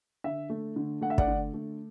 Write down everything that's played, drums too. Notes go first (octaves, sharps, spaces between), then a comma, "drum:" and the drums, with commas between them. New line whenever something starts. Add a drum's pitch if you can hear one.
D3 E5
A3
D3
A3 F#5
E5
D5 F#5, drum: kick
D3
A3